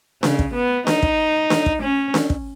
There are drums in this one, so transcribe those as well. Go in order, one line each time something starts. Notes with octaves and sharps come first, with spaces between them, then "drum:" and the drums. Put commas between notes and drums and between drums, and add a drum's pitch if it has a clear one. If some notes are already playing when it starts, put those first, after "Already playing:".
C#3, drum: snare D4
drum: kick
B3
D#4, drum: snare D4
drum: kick
drum: snare D4
drum: kick
C#4
drum: snare D4
drum: kick